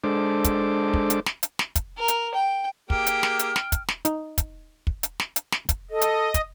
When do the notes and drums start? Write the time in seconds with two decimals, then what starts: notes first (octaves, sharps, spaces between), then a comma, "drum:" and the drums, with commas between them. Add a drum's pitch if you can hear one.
0.04 G#3 D4 A4 C5 D6
0.44 drum: kick, hi-hat
0.94 drum: kick
1.10 drum: hi-hat
1.26 drum: snare
1.43 drum: hi-hat
1.59 drum: snare
1.75 drum: kick, hi-hat
1.98 A#4
2.08 drum: hi-hat
2.34 G5
2.90 A#3 G4 G#4 G5 F6, drum: kick
3.07 drum: hi-hat
3.23 drum: snare
3.39 drum: hi-hat
3.56 drum: snare
3.72 drum: kick, hi-hat
3.88 drum: snare
4.05 D#4, drum: hi-hat
4.38 drum: kick, hi-hat
4.87 drum: kick
5.03 drum: hi-hat
5.20 drum: snare
5.36 drum: hi-hat
5.52 drum: snare
5.69 drum: kick, hi-hat
5.91 A4 D#5
6.01 drum: hi-hat
6.34 drum: kick, hi-hat